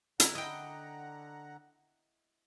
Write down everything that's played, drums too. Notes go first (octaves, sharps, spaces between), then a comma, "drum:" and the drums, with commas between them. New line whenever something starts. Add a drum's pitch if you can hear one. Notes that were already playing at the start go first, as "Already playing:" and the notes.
D3 E4 F#5 A#5, drum: hi-hat
D#5 G5